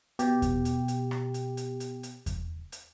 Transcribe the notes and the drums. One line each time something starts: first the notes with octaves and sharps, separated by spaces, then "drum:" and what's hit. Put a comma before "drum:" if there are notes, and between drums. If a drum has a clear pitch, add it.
B2 G4, drum: hi-hat
drum: kick E2, hi-hat
drum: hi-hat
drum: hi-hat
drum: rim click
drum: hi-hat
drum: hi-hat
drum: hi-hat
drum: hi-hat
drum: kick E2, hi-hat
drum: hi-hat